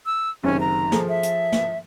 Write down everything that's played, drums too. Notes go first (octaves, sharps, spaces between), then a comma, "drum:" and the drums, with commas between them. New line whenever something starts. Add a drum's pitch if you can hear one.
E6
F#1 C3 D#3 C#4
A#5
F3 G#4 A4, drum: snare
E5
drum: hi-hat
drum: snare